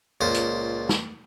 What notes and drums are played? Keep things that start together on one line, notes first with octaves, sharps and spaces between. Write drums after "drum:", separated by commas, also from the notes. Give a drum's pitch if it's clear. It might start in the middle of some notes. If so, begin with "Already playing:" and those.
C#2 A#2 C5
drum: hi-hat
drum: snare